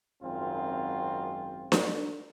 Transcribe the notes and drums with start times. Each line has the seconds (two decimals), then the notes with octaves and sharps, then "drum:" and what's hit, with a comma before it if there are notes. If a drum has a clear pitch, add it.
0.22 G#1 F#2 C4 F4
1.72 drum: snare D4